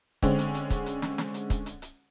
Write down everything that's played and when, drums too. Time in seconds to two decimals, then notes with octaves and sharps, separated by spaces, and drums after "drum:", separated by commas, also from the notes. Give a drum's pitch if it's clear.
0.22 D3 G#3 C4 C#4, drum: kick, hi-hat
0.38 drum: hi-hat
0.54 drum: hi-hat
0.70 drum: kick, hi-hat
0.86 drum: hi-hat
1.02 drum: snare
1.18 drum: snare
1.34 drum: hi-hat
1.50 drum: kick, hi-hat
1.66 drum: hi-hat
1.82 drum: hi-hat